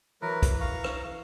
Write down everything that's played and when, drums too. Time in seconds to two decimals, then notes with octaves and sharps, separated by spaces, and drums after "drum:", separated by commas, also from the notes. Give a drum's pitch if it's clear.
0.22 E3 F#3 A#4 B4
0.43 drum: kick, hi-hat
0.60 F5 A#5 C#6
0.84 drum: rim click